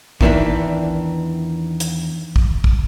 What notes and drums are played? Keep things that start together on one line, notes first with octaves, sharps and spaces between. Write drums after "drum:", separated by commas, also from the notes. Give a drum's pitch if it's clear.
E2 D#3 E3 D4 B4 E5, drum: kick
drum: hi-hat
drum: kick
drum: kick